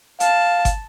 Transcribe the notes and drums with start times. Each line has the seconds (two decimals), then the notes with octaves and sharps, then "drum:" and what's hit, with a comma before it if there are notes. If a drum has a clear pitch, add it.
0.20 F5 A5, drum: hi-hat
0.65 drum: kick G1, hi-hat